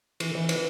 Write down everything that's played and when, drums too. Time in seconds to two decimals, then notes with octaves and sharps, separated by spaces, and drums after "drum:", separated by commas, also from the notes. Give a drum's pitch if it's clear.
0.20 E3, drum: cymbal
0.35 E3
0.49 B4, drum: cymbal